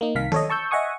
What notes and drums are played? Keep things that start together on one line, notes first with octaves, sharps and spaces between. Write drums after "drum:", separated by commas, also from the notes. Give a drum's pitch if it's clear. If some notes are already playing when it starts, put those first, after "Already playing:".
A#3 D#4
C2 D#3 F5 B6
A4 C#5 D#5, drum: tom D#3
A5 C#6 E6 G6
D#5 E5 F#5 G#5 C#6 D#6